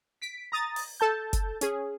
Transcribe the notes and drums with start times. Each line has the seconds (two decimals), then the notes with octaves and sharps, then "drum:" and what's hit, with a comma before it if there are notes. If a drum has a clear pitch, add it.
0.22 B6 D7
0.52 A#5 D#6 A6
0.76 drum: open hi-hat
1.00 A4 A5 G6
1.33 drum: kick F#1, hi-hat
1.61 C#4 G#4, drum: hi-hat